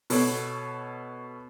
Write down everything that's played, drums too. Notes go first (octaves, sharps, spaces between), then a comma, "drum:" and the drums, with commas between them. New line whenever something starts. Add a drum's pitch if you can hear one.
B2 A4 C#5, drum: open hi-hat